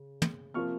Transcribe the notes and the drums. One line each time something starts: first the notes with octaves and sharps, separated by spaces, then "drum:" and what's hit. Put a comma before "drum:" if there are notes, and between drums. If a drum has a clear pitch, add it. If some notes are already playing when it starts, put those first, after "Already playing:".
Already playing: C#3
drum: tom
C3 F3 A#3 C#6 F6